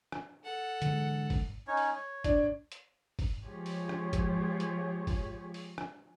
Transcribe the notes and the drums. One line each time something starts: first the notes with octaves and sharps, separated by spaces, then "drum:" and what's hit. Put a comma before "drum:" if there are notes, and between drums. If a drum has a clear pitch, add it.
drum: rim click
A4 F#5
D3 E3 G#3, drum: hi-hat
drum: kick, open hi-hat
C#4 D#4 C#5
drum: open hi-hat
C#5
D4, drum: kick, hi-hat
drum: hi-hat
drum: kick, open hi-hat
F3 G#3 F4 G4 G#4 C#5
drum: open hi-hat
drum: rim click
drum: kick, hi-hat
drum: hi-hat
drum: kick, open hi-hat
drum: open hi-hat
drum: rim click